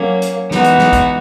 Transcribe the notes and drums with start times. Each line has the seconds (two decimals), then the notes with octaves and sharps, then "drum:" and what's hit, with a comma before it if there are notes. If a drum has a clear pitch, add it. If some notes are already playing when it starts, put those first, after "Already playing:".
Already playing: F#3 A#3 C#4
0.22 drum: hi-hat
0.51 E3 G#3 B3 D#4 F#4, drum: snare
0.64 drum: hi-hat
0.79 drum: snare
0.93 drum: kick, hi-hat